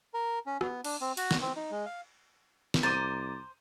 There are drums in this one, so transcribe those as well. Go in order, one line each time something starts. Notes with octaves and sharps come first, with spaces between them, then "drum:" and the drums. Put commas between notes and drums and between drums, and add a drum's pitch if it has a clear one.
A#4
C#4
B3, drum: rim click
D4, drum: cymbal
C4
F#4, drum: cymbal
drum: snare
C4
D#4
G#3
F5
drum: snare
C2 C5 A#5 D6 A6 D#7